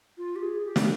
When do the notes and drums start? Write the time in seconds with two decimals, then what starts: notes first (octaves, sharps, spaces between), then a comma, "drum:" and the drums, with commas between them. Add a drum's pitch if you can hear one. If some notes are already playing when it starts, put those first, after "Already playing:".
0.18 F4
0.36 G4
0.42 G#4
0.65 G4
0.76 drum: snare